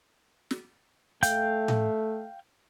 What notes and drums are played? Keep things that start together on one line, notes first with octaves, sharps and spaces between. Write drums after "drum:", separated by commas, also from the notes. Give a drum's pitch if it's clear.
drum: snare
A3 F5 G5 G6, drum: hi-hat
drum: tom A2